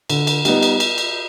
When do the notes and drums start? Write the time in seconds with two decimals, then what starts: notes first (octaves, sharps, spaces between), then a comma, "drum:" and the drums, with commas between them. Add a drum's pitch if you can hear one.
0.10 D3, drum: cymbal
0.27 drum: cymbal
0.45 G3 B3 D#4, drum: cymbal
0.63 drum: cymbal
0.80 drum: cymbal
0.98 drum: cymbal